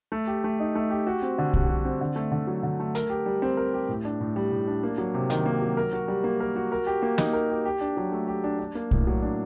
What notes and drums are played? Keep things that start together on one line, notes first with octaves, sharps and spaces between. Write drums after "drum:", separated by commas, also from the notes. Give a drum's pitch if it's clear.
A3
G4
A3
D#4
A3
G4
F#4
C4
D3
G3, drum: kick
F#4
C4
D3
A3
D3
F#3
D3
A3
A#4, drum: hi-hat
G4
G3
C4
A#4
G4
A2
D4
A2
G3
A2
D4
A#3
F#3
C3
D#3, drum: hi-hat
A#3
F#3
A#4
F#4
G3
A#3
A#4
F#4
A#4
G4
A#3
D#4, drum: snare
A#4
G4
G4
D4
F#3
A3
G4
D4
D4
A#3
A2, drum: kick
F#3
D4